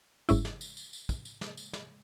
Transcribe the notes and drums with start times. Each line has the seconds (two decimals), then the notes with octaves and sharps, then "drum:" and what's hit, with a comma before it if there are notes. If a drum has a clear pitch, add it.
0.29 G1 G#2 C#4 E4, drum: tambourine
0.45 drum: snare
0.61 drum: tambourine
0.77 drum: tambourine
0.93 drum: tambourine
1.09 drum: kick, tambourine
1.25 drum: tambourine
1.41 drum: snare
1.57 drum: tambourine
1.73 drum: snare